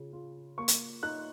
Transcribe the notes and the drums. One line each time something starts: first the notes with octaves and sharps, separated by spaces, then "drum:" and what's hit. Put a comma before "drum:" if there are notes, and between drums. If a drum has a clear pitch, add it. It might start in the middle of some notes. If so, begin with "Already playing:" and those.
Already playing: C#3 F4
F4
A#3 C#6
drum: hi-hat
D#4 F#6